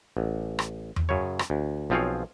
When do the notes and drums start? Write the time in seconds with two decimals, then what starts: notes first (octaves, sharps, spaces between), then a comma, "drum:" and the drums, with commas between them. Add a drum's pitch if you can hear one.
0.17 A1
0.59 drum: rim click
0.96 drum: tom E2
1.09 F#2 C#3 C#5
1.39 drum: rim click
1.50 D2
1.90 B1 F3 C4 F4 G#4 C#5